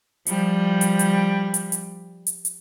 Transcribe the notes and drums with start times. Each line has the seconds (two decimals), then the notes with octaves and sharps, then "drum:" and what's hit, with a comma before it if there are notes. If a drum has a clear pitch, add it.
0.27 F3 G3, drum: hi-hat
0.81 drum: hi-hat
0.99 drum: hi-hat
1.54 drum: hi-hat
1.72 drum: hi-hat
2.27 drum: hi-hat
2.45 drum: hi-hat